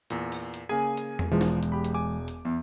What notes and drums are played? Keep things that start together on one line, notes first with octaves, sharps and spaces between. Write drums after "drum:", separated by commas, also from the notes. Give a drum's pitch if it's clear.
E2 A#2, drum: hi-hat
drum: open hi-hat
drum: hi-hat
C#3 A#3 G#4 G#5
drum: hi-hat
drum: tom E2
E1 E3 F3 G#3
drum: snare
drum: hi-hat
G4 B5
drum: hi-hat
G#5 D6
drum: hi-hat
E2